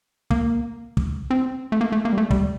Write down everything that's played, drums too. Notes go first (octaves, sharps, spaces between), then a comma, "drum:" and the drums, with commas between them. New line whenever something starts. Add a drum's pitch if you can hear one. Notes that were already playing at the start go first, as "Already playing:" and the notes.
A#3, drum: kick
drum: kick
C4
A3
A#3
A3
A#3
G3
A3
G3, drum: kick